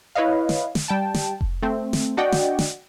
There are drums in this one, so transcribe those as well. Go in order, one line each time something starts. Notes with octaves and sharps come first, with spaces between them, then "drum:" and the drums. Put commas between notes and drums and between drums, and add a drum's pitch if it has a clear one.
E4 B4 C#5 D#5 F5
drum: snare
drum: snare
G3 G5 A5
drum: snare
drum: kick F1
A3 C4
drum: snare
D4 F#4 D5 D#5 F#5 G5
drum: snare
drum: snare